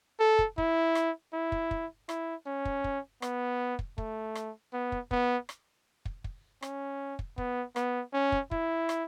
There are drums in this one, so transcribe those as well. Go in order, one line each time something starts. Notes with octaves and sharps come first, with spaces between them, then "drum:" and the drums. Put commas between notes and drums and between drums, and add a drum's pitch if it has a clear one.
A4
drum: kick
E4, drum: kick
drum: rim click
E4
drum: kick
drum: kick
E4, drum: rim click
C#4
drum: kick
drum: kick
B3, drum: rim click
drum: kick
A3, drum: kick
drum: rim click
B3
drum: kick
B3, drum: kick
drum: rim click
drum: kick
drum: kick
C#4, drum: rim click
drum: kick
B3, drum: kick
B3, drum: rim click
C#4
drum: kick
E4, drum: kick
drum: rim click